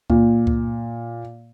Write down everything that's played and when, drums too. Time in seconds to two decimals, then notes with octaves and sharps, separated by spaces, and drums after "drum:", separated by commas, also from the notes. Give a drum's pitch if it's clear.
0.10 A#2, drum: kick C#2
0.47 drum: kick C#2